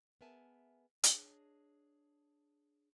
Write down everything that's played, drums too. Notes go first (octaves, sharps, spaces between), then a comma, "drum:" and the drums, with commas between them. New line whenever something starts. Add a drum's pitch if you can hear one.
B3 G#4 A#4 E5 G#5 A5
D4 G#4 C#5 D#5, drum: hi-hat